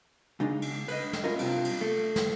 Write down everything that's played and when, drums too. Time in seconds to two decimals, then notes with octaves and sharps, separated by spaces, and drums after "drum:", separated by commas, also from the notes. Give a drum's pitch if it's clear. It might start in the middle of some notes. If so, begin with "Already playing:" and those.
0.40 C#3 G#3 D4 D#4
0.62 drum: cymbal
0.88 B4 D#5, drum: cymbal
1.13 drum: snare
1.23 C#4 E4 F4 A#4 D#5
1.39 G2 C3 F4, drum: cymbal
1.65 drum: cymbal
1.81 A3
2.16 drum: snare